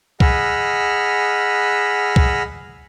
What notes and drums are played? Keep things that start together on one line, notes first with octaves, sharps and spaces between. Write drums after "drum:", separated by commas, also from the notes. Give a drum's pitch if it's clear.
G#4 D#5 F#5 B5 E6 F6, drum: kick C2
drum: kick C2